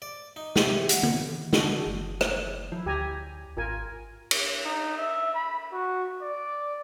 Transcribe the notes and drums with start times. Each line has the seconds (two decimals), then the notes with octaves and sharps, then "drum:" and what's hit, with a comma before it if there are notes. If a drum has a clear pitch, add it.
0.02 D5
0.36 D#4
0.56 C3, drum: snare
0.89 F#5, drum: hi-hat
1.03 drum: tom D3
1.53 D3 D4 F#4, drum: snare
1.87 F#1
2.21 drum: rim click
2.72 F3 E4
2.86 D2 G4 G#5 A#5
3.57 G#1 F4 A#4 G#5
4.31 drum: cymbal
4.65 D#4
4.97 E5
5.35 B5
5.73 F#4
6.22 D5